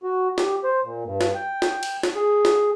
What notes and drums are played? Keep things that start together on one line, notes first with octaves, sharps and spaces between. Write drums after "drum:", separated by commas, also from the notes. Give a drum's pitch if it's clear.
F#4
G4, drum: snare
C5
A#2
G2
drum: snare
G5
drum: snare
drum: cymbal
drum: snare
G#4
drum: snare